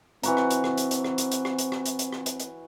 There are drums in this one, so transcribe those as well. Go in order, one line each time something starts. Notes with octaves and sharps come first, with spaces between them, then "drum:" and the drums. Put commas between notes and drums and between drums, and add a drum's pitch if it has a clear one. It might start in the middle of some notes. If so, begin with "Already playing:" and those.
E3 C4 F#4 A#5, drum: hi-hat
drum: rim click
drum: hi-hat
drum: rim click
drum: hi-hat
drum: hi-hat
drum: rim click
drum: hi-hat
drum: hi-hat
drum: rim click
drum: hi-hat
drum: rim click
drum: hi-hat
drum: hi-hat
drum: rim click
drum: hi-hat
drum: hi-hat